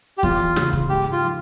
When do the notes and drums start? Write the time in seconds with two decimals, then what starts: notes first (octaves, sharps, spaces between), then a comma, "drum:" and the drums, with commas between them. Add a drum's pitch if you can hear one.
0.18 G4
0.23 E2 F4, drum: kick
0.56 C#3, drum: snare
0.73 drum: kick
0.89 G#2 G4
1.12 F4
1.22 F3